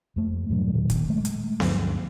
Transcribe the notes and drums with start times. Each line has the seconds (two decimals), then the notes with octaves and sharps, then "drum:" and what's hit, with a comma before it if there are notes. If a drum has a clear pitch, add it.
0.16 F2 A3
0.50 E2 G2 A#2 F#3
0.74 A#2 D#3
0.90 drum: kick, hi-hat
1.10 G#3 A3
1.25 drum: hi-hat
1.60 D2 G2 F3, drum: snare B3